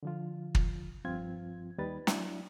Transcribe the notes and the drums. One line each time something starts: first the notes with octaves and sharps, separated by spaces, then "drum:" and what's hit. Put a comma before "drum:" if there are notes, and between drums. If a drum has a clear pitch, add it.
D3 F3 F4
drum: kick
G2 F3 C4 F4 G#6
D#2 G3 D#4 B4 A6
F#3 D4 E4, drum: snare